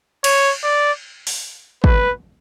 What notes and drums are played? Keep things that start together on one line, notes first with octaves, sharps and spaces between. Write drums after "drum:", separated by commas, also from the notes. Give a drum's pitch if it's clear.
C#5, drum: cymbal
D5
drum: open hi-hat
B4, drum: kick